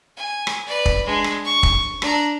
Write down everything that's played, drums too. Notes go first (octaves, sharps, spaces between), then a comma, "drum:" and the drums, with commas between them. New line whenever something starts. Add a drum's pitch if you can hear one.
G#5
drum: rim click
B4 D5
drum: kick
G#3 D4
drum: rim click
C#6
drum: kick
D4 A#5, drum: rim click